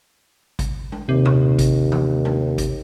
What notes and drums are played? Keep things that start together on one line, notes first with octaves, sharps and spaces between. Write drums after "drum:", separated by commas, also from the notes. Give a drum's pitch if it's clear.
drum: kick G#1, hi-hat
drum: tom G#3
D#2 C3
drum: tom A2
drum: kick G#1, hi-hat
drum: tom E3
drum: tom G#3
drum: kick G#1, hi-hat